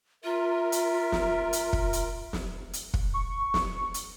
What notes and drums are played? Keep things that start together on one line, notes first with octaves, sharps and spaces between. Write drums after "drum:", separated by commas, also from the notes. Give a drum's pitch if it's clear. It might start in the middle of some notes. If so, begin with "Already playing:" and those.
F4 A#4 E5
drum: hi-hat
drum: snare
drum: hi-hat
drum: kick
drum: hi-hat
drum: snare
drum: hi-hat
drum: kick
C#6
drum: snare
drum: hi-hat